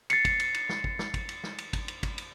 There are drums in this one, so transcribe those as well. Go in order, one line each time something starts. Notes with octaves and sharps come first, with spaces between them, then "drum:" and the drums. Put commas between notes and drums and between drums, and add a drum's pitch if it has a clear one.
A6 C7 C#7, drum: cymbal
drum: kick, cymbal
drum: cymbal
drum: cymbal
drum: snare
drum: kick
drum: snare
drum: kick, cymbal
drum: cymbal
drum: snare
drum: cymbal
drum: kick, cymbal
drum: cymbal
drum: kick, cymbal
drum: cymbal